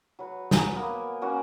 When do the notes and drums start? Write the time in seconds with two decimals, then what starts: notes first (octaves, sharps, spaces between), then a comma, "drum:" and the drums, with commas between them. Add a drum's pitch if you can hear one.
0.19 F#3 B4
0.51 G#5 A#5 B5, drum: snare
0.75 A#3 B3
1.22 A#3 C#4 F#4 F#5